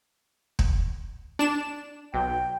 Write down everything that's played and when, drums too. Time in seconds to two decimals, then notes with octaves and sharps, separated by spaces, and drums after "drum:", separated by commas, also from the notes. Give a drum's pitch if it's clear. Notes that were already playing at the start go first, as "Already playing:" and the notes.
0.59 drum: kick
1.39 D4 E7
2.14 B1 G5